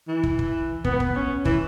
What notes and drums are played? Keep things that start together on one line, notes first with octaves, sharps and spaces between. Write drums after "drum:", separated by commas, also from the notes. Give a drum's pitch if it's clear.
E3
drum: kick
drum: kick
B3, drum: kick
drum: kick
C#4
E3, drum: kick